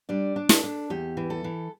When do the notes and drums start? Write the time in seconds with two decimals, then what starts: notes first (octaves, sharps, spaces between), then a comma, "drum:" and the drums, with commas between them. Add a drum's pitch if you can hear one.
0.09 G3 D4 D5
0.36 D4
0.49 A4, drum: snare
0.64 D4
0.90 E2 G4
1.17 E3
1.30 A4
1.44 E3